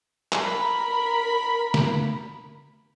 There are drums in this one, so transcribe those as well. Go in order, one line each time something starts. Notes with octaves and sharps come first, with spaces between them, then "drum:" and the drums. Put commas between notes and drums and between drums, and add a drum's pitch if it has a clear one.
drum: clap
A#4 B5
drum: snare